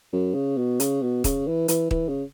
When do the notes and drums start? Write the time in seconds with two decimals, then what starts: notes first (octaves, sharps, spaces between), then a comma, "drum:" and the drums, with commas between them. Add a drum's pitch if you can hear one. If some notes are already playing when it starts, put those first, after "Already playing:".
0.13 F#2
0.34 C#3
0.57 B2
0.80 C#3, drum: hi-hat
1.02 B2
1.24 C#3, drum: kick, hi-hat
1.47 E3
1.68 E3, drum: hi-hat
1.91 E3, drum: kick
2.08 C#3